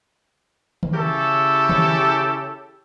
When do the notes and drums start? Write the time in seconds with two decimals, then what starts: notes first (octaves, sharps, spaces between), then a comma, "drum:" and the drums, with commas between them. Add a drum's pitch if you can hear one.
0.83 drum: tom D#3
0.93 C#3 E4 G4 A4 C#5
1.69 drum: tom D#3